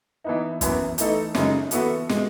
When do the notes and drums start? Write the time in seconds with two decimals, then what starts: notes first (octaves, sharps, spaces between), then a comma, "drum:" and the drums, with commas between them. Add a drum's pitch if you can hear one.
0.24 E3 B3 D#4
0.61 F#2 E3 B3, drum: kick, hi-hat
0.98 E3 A3 D#4 A4, drum: hi-hat
1.35 F#2 C#3 G#3 D#4, drum: snare
1.71 E3 B3 F#4 A4 E5, drum: hi-hat
2.09 B2 G#3, drum: snare